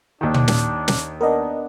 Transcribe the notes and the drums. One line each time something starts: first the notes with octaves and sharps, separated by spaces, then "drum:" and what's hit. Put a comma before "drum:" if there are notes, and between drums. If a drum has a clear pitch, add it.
D#2 D#3 D4
drum: tom
drum: snare
drum: snare
B3 D4 A#4 D#5